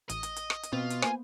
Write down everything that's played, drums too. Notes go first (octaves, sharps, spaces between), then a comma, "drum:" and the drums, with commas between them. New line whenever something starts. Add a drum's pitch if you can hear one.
A1 D#5, drum: hi-hat
drum: hi-hat
drum: hi-hat
drum: rim click
drum: hi-hat
B2 C4 F4
drum: hi-hat
A#3 B3 C5 G#5, drum: rim click